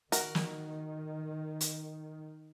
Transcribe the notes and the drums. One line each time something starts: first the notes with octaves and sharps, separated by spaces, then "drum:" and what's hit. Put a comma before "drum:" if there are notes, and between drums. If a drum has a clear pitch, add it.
D#3 F#4 A#4, drum: hi-hat
drum: snare
drum: hi-hat